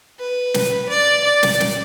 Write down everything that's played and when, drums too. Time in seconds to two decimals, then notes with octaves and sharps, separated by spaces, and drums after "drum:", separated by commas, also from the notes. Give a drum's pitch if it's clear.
0.20 B4
0.54 drum: snare
0.89 D5
1.24 D5
1.43 drum: snare
1.60 drum: snare